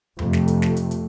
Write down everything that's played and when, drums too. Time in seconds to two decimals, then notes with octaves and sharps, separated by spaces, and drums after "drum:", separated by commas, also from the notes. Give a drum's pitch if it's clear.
0.19 F2 C3 A3, drum: tom E2
0.33 drum: snare
0.48 drum: hi-hat
0.62 drum: snare
0.76 drum: hi-hat
0.91 drum: hi-hat